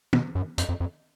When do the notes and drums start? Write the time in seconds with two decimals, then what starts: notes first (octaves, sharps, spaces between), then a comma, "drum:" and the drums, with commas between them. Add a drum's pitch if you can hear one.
0.13 B2, drum: tom
0.35 F#2
0.58 F2, drum: hi-hat
0.69 F2
0.80 F2